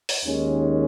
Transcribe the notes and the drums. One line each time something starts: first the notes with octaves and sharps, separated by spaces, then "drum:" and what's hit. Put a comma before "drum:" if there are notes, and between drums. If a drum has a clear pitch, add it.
drum: open hi-hat
D#2 D#3 G#3 C#4